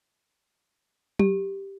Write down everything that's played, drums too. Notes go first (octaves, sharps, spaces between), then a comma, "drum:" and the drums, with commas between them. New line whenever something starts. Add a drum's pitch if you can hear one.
G4, drum: tom F#3